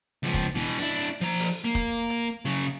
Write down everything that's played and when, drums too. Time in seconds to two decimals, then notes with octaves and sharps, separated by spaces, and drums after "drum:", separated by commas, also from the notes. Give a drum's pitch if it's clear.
0.23 C#2 F3
0.34 drum: kick, hi-hat
0.55 B2 E3
0.69 drum: hi-hat
0.79 D4 E4
1.04 drum: hi-hat
1.21 F3 A#5
1.40 drum: open hi-hat
1.64 A#3
1.75 drum: kick, hi-hat
2.10 drum: hi-hat
2.45 C#3 F#3, drum: hi-hat